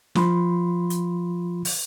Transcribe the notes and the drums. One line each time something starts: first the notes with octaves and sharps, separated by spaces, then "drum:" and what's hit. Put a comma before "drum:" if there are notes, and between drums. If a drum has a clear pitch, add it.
F3 F4 B5 C6, drum: snare
drum: hi-hat
drum: open hi-hat